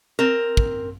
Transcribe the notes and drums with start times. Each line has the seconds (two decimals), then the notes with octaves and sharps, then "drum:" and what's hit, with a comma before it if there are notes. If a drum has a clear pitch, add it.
0.19 C4 A#4
0.57 drum: kick